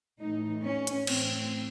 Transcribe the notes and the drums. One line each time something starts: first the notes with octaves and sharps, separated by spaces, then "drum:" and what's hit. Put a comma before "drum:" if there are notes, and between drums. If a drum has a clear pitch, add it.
A2 E3 D#4
C#4
drum: hi-hat
A2 E3 C4, drum: cymbal